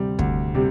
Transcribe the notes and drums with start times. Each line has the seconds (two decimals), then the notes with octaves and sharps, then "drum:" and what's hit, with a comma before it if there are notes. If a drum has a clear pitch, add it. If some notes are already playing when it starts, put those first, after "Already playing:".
Already playing: D2 C3 G3
0.19 D2, drum: kick
0.54 C3 G3